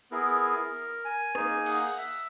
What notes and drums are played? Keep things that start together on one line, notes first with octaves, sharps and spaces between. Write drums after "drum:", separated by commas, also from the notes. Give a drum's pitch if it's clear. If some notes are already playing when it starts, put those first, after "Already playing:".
B3 E4 G#4 A#4
G#5
A#3 D#4 G#4, drum: rim click
F#5, drum: cymbal
E5